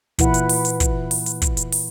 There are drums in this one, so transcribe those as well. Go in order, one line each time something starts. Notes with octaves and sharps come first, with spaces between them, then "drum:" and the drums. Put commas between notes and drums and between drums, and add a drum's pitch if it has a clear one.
A#2 E3 E4 B4 F#5, drum: kick, hi-hat
drum: hi-hat
drum: open hi-hat
drum: hi-hat
drum: kick, hi-hat
drum: open hi-hat
drum: hi-hat
drum: kick, hi-hat
drum: hi-hat
drum: open hi-hat